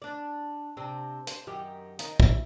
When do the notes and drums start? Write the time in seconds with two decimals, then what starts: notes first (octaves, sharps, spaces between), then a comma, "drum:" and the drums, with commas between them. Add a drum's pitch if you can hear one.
0.02 D4 D5
0.77 C3 C4 D4
1.27 C5, drum: hi-hat
1.47 F#2 D#3 G4
1.99 D#3 D#4, drum: hi-hat
2.20 E4, drum: kick